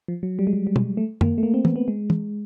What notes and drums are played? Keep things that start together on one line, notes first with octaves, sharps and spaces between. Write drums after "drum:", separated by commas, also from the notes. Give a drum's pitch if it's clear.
F3
F#3
G3
G#3
G3
G3
G#3, drum: tom
A3
A#3, drum: tom F#2
A3
A#3
C4
B3, drum: tom
B3
G#3
drum: tom